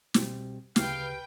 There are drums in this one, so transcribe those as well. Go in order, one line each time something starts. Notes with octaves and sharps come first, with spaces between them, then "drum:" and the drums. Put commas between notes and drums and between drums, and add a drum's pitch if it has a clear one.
B2 G3 C4 G4, drum: snare
D2 C#3 G4 B4 F5 G5, drum: snare